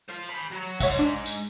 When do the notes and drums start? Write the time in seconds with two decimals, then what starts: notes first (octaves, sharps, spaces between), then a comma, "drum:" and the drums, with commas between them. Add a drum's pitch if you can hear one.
0.09 C5 F5
0.29 G#4 B5
0.51 F#3
0.80 G#2 C#5 E5 F#5, drum: kick, tambourine
0.99 D4
1.26 drum: tambourine